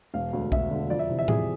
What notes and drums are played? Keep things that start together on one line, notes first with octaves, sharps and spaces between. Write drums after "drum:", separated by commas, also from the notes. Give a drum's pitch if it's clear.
E1 F5
D2 D3
E1 E5, drum: kick B1
D2 D3
F2 D5
E5
C3 E3
E5
F2 G#4, drum: tom A2